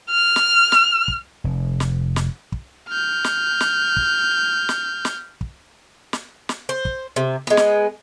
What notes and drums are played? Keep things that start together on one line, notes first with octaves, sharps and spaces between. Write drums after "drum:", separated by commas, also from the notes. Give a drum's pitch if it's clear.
F6
drum: snare
drum: snare
drum: kick
F1
drum: snare
drum: snare
drum: kick
F6 G6
drum: snare
drum: snare
drum: kick
drum: snare
drum: snare
drum: kick
drum: snare
drum: snare
C5
drum: kick
C3
G#3 B3
drum: snare